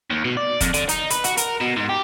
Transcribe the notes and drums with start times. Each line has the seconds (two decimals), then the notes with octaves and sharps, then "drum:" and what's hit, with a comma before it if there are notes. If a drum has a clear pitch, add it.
0.11 D#2
0.25 B2
0.37 D5
0.61 F2, drum: kick, hi-hat
0.74 D3, drum: hi-hat
0.89 D#4, drum: hi-hat
1.10 B4, drum: hi-hat
1.24 F#4, drum: hi-hat
1.37 A#4, drum: hi-hat
1.61 B2
1.76 G#2
1.89 G4